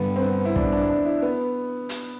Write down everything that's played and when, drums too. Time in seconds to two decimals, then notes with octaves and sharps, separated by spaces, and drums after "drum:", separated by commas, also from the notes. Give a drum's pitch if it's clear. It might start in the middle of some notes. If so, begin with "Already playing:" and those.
Already playing: G2 D3 G3 B3
0.16 C4
0.22 B3
0.45 E4
0.56 D4, drum: kick
0.72 D4
0.89 D4
1.05 E4
1.22 B3
1.89 drum: hi-hat